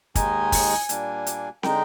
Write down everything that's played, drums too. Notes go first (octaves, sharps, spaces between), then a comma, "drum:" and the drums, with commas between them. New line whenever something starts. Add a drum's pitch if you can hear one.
D#2 D#3 G#3 D#4 G#5, drum: kick, hi-hat
drum: kick, open hi-hat
A#2 G3 A#3 D4, drum: hi-hat
drum: hi-hat
D3 G#3 D#4 G5, drum: snare